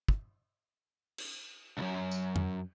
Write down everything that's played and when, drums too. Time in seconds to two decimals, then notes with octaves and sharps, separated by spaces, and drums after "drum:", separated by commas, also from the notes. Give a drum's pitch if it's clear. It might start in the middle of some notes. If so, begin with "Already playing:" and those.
0.08 drum: kick
1.18 drum: cymbal
1.78 C#2 F#2
2.11 drum: tambourine
2.36 drum: tom F2